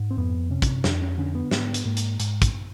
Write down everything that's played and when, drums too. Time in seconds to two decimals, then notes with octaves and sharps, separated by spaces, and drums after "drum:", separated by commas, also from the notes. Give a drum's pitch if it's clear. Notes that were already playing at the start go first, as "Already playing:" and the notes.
Already playing: G#2
0.11 C4
0.17 F2 B3
0.50 C3 C#4
0.62 drum: kick, hi-hat
0.84 F2 D4, drum: snare
1.01 C#4
1.18 D3 C#4
1.35 B3
1.51 G#2 B3, drum: snare
1.74 drum: hi-hat
1.85 G#2 A#3
1.97 drum: hi-hat
2.20 G#2, drum: hi-hat
2.42 drum: kick, hi-hat